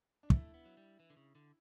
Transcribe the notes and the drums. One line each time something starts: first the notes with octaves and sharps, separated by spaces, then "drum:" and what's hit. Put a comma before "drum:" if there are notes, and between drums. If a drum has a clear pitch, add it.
D4
A3 E4, drum: kick
B3
F#3
G3
E3
D3
C#3
D3